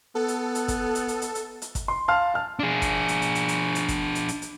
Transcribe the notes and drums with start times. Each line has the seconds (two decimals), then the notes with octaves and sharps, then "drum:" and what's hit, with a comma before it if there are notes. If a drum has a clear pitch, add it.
0.15 B3 A4
0.28 drum: hi-hat
0.55 drum: hi-hat
0.68 drum: kick, hi-hat
0.95 drum: hi-hat
1.08 drum: hi-hat
1.22 drum: hi-hat
1.35 drum: hi-hat
1.62 drum: hi-hat
1.75 drum: kick, hi-hat
1.88 C6
2.08 F5 A5 C6 F6
2.34 A5 F6
2.59 D4 G#4
2.82 drum: kick, hi-hat
3.08 drum: hi-hat
3.22 drum: hi-hat
3.35 drum: hi-hat
3.48 drum: hi-hat
3.75 drum: hi-hat
3.88 drum: kick, hi-hat
4.15 drum: hi-hat
4.28 drum: hi-hat
4.42 drum: hi-hat